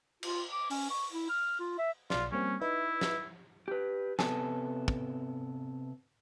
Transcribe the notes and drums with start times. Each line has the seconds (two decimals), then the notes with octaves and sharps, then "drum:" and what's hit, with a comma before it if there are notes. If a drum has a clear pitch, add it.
0.23 F4, drum: cymbal
0.52 D6
0.70 C#4, drum: open hi-hat
0.90 C#6
1.11 E4
1.29 F6
1.59 F4
1.78 E5
2.10 B1 F4 D5, drum: snare
2.32 G3 A#3 C4 C#4
2.61 D#4 E4 B4 E5
3.01 drum: snare
3.68 G4 B4
4.19 C3 B3 A4 G#5, drum: snare
4.88 drum: kick